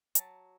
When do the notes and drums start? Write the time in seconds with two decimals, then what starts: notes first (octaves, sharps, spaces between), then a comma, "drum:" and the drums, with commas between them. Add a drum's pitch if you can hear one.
0.15 F#3 A5, drum: hi-hat